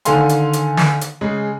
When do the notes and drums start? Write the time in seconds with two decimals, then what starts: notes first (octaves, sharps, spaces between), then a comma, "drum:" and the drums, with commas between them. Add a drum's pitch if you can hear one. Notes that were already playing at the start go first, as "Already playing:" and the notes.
0.05 D3 D#3 A4 F5 G#5 C6, drum: hi-hat
0.29 drum: hi-hat
0.53 drum: hi-hat
0.77 drum: snare
1.01 drum: hi-hat
1.21 C#3 G#3